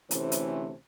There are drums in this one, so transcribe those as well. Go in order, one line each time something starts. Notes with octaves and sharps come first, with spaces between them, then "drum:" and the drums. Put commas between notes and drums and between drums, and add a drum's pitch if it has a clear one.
D2 C3 E3 A3 C#4 C5, drum: hi-hat
drum: hi-hat